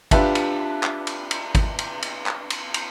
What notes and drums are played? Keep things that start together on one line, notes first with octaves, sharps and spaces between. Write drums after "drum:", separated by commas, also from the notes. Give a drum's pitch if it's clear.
D4 F4 G4 B4 E5 A5, drum: kick G#1, cymbal
drum: cymbal
drum: clap
drum: cymbal
drum: cymbal
drum: kick G#1, cymbal
drum: cymbal
drum: cymbal
drum: clap
drum: cymbal
drum: cymbal